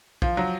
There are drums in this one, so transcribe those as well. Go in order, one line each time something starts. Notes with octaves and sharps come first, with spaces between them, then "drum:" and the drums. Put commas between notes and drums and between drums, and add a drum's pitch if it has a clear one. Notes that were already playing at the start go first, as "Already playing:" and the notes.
F3, drum: kick A#1
F#3